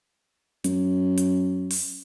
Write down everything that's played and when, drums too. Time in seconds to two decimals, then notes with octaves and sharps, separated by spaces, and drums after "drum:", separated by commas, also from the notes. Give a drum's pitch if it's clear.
0.64 F#2, drum: hi-hat
1.18 drum: hi-hat
1.71 drum: open hi-hat